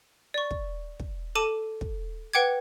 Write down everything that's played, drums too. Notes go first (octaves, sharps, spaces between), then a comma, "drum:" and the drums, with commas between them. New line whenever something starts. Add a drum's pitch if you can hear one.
D5 C#6
drum: kick
drum: kick
A4 A5 D6 D#7
drum: kick
B4 F#5 G5 D6 G#6